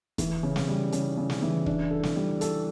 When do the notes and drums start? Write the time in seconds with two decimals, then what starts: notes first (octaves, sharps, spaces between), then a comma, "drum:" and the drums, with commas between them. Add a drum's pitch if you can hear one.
0.18 E3, drum: kick, hi-hat
0.43 C#3
0.56 drum: snare
0.69 G3
0.92 C#3, drum: hi-hat
1.17 C#3
1.30 drum: snare
1.42 E3
1.66 D4, drum: kick
1.90 A4
2.03 drum: snare
2.16 G3
2.41 A4, drum: hi-hat